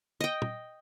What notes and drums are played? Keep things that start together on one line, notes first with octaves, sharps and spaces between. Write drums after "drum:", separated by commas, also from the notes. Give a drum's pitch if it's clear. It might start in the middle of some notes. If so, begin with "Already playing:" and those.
D#5 G5
drum: tom